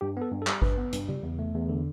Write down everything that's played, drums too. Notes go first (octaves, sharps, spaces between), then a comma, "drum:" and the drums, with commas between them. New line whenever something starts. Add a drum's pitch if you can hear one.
G2 G4
B3 A4
G2
A4
G3, drum: clap
G2 B4, drum: kick G#1
B3
G2, drum: hi-hat
G3, drum: tom C#3
E2
A3
E2
D3